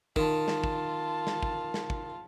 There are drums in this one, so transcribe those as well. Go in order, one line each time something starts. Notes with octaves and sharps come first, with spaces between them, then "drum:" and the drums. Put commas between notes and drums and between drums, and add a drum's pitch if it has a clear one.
D#3 F4 A5, drum: kick
drum: snare
drum: kick
drum: snare
drum: kick
drum: snare
drum: kick